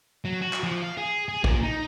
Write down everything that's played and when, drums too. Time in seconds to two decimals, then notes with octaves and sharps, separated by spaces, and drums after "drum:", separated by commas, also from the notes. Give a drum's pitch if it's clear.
0.25 F#3
0.42 F#4
0.53 drum: clap
0.63 F3
0.82 F5
0.97 G#4
1.29 G#4
1.44 A#2, drum: kick
1.63 D#4